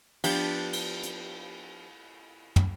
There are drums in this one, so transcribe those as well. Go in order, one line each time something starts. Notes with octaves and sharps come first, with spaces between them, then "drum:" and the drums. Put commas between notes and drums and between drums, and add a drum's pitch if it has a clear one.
F3 B3 D4 G4, drum: cymbal
drum: cymbal
drum: hi-hat
drum: tom